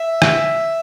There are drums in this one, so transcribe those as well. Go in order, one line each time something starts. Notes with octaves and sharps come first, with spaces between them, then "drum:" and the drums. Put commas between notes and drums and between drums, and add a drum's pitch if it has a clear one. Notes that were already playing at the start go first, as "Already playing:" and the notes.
Already playing: E5
drum: rim click